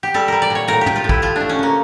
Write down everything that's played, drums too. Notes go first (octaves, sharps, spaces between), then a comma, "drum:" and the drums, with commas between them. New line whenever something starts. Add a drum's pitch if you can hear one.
G4
G3 A4
G3 A#4
D5
A#2
C#5
A2 A#4
G4
A2, drum: tom
F4
A2
E4, drum: kick A1
F3 F4
A3 D4
C#4
C#3 A#3